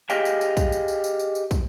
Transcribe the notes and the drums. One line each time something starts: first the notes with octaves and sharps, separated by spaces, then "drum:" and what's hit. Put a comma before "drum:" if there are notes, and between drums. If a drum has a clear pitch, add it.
G4 G#4 D#5 F5 G5 G#5, drum: tambourine
drum: tambourine
drum: tambourine
drum: kick, tambourine
drum: tambourine
drum: tambourine
drum: tambourine
drum: tambourine
drum: tambourine
drum: kick, tambourine